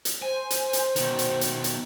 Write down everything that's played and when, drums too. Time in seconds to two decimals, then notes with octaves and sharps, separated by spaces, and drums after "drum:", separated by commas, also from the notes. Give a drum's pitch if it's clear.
0.05 drum: hi-hat
0.22 C5 G#5
0.50 drum: hi-hat
0.73 drum: hi-hat
0.96 B2 D#3, drum: hi-hat
1.19 drum: hi-hat
1.41 drum: hi-hat
1.64 drum: hi-hat